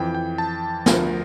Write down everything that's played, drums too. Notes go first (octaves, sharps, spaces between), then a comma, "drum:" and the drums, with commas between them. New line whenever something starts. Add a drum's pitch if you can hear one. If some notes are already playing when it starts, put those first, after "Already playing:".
Already playing: F2 E3 G5
G5
A5
D2 D3 F3 A#4, drum: snare